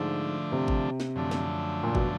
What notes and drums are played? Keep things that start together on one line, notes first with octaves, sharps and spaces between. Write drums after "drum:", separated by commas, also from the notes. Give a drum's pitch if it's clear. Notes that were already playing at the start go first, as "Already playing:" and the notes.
Already playing: G#2 D3 F3 A3 D4
C3
drum: kick G#1
drum: snare
F#2 D3 F3 A3 D4
drum: snare
A#2
B2, drum: kick G#1